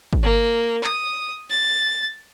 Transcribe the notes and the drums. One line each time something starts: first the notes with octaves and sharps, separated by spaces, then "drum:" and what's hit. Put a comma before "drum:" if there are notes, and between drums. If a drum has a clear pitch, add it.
drum: kick
A#3
D#6, drum: clap
A6